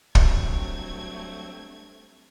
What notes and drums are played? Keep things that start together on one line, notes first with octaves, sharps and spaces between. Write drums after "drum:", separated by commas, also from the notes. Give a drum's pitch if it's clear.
G2 F#3 A3 C4 G#6, drum: kick